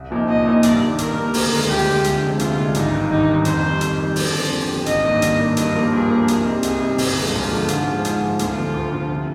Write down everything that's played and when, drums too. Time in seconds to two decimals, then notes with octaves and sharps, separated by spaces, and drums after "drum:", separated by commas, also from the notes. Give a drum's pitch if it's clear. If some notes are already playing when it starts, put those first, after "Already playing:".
Already playing: C2
0.11 A#2 F3 A#3 D#4
0.28 C2 D#5
0.45 A#2 F3 A#3 D#4
0.63 G2 D5, drum: hi-hat
0.81 D#3 G3 A#3
0.98 G2 A#4, drum: hi-hat
1.16 D#3 G3 A#3
1.34 D2, drum: open hi-hat
1.52 D3 G#3 D4 F4
1.69 D2 G4
1.87 D3 G#3 D4 F4
2.04 D2, drum: hi-hat
2.22 C3 F3 G#3 D4
2.39 D2 F4, drum: hi-hat
2.58 C3 F3 G#3 D4
2.75 G#1 D#4, drum: hi-hat
2.92 G2 D#3
3.10 G#1 D#4
3.28 G2 D#3
3.45 F2 C5, drum: hi-hat
3.63 D#3 G3
3.81 F2, drum: hi-hat
3.99 D#3 G3
4.16 D3 D5, drum: open hi-hat
4.33 F3 C4 G4
4.51 D3
4.68 F3 C4 G4
4.86 G#1 D#5, drum: hi-hat
5.04 G2 D#3 A#3 D4
5.22 G#1, drum: hi-hat
5.39 G2 D#3 A#3 D4
5.57 G2 D#5, drum: hi-hat
5.74 F3 A#3 F4 A#4
5.92 G2 G#4
6.10 F3 A#3 F4 A#4
6.28 C2, drum: hi-hat
6.45 C3 G3 C4 D#4
6.63 C2 G#4, drum: hi-hat
6.80 C3 G3 C4 D#4
6.98 G1, drum: open hi-hat
7.15 G2 D3 F3 G#3
7.34 G1 F4
7.51 G2 D3 F3 G#3
7.68 G#2, drum: hi-hat
7.86 F3 G#3
8.05 G#2, drum: hi-hat
8.22 F3 G#3
8.39 D2 F4, drum: hi-hat
8.57 D3 F3
8.74 D2
8.92 D3 F3
9.10 C3